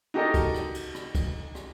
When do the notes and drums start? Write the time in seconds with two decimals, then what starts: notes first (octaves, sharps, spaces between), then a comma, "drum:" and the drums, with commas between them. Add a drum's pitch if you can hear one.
0.14 D#4 F#4 G4 A4 A#4 D#5
0.34 drum: kick, cymbal
0.54 drum: rim click
0.74 drum: cymbal
0.95 drum: rim click
1.15 drum: kick, cymbal
1.55 drum: rim click